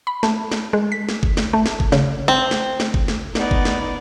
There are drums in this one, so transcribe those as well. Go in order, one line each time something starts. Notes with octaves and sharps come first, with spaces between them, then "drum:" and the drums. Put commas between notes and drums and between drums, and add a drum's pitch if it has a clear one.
B5
A3, drum: snare
drum: snare
G#3
B6
drum: snare
drum: kick G1
drum: snare
A3
drum: snare
drum: kick G1
C#3, drum: snare
C4
drum: snare
drum: snare
drum: kick G1
drum: snare
B3 D#4 D5, drum: snare
drum: kick G1
drum: snare